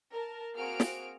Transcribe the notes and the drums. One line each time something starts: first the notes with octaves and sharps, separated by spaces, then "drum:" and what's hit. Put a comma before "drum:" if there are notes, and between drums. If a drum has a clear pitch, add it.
A#4 A5
A#3 C4 F#4 G#4 F6 D7
drum: snare